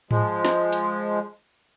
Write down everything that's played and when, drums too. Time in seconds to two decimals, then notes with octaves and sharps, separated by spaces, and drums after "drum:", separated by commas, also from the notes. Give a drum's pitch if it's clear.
0.11 F3 G#3, drum: tom G#2
0.45 drum: snare
0.72 drum: hi-hat